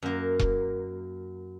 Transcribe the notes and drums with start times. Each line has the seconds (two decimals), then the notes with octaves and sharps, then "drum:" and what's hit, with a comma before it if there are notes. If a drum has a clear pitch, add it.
0.03 F#2 A#3
0.39 drum: kick E1